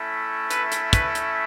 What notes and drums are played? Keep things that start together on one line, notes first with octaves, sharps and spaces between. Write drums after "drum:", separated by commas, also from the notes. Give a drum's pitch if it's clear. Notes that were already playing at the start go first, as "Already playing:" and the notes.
Already playing: A3 C#4 E4
B4, drum: hi-hat
drum: hi-hat
B4, drum: kick, hi-hat
drum: hi-hat